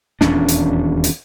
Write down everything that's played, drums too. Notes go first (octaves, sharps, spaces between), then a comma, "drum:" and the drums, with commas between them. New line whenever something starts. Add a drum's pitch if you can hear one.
D#1 E2 C#4 D4, drum: snare
drum: hi-hat
drum: hi-hat